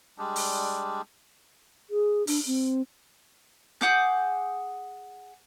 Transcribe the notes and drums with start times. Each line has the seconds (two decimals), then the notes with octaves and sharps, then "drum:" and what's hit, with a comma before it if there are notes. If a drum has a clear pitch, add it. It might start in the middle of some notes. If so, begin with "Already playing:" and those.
0.18 G3 G#3 D4
0.36 drum: open hi-hat
1.90 G#4
2.27 D4, drum: open hi-hat
2.46 C4
3.81 G#4 F#5 D6 G6, drum: snare